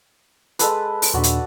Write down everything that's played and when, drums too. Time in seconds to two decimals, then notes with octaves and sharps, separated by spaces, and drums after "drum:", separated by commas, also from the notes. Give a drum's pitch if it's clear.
0.59 G#3 A4 B4, drum: hi-hat
1.02 drum: open hi-hat
1.14 D#2 A#2 D4 F#4 D5
1.23 drum: hi-hat